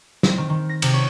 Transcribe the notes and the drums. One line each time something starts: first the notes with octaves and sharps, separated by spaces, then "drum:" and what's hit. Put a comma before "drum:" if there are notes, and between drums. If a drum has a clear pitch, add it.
C4, drum: snare
D#3
D#3
A#6
C3, drum: cymbal
C#5